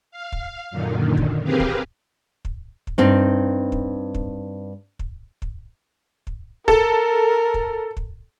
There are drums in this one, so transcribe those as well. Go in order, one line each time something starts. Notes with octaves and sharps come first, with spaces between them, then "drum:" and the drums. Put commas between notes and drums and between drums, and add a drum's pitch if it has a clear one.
F5
drum: kick
F#2 A#2 D3 D#3
drum: kick
C4 G4 G#4 A#4 B4 F5
drum: kick
drum: kick
drum: kick
G2 C4 D#4
drum: kick
drum: kick
drum: kick
drum: kick
drum: kick
A4 A#4, drum: kick
drum: kick
drum: kick